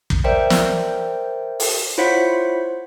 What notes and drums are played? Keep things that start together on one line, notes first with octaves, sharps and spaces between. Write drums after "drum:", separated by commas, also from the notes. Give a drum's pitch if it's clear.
drum: kick
A#4 C5 D5 E5 G5
drum: snare
drum: open hi-hat
E4 F4 C5 C#5 F#5 B6